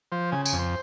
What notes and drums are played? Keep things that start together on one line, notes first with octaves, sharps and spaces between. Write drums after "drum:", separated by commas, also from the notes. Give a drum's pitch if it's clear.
F3 C5
C#3 G#5
G#5, drum: tambourine
F2
C5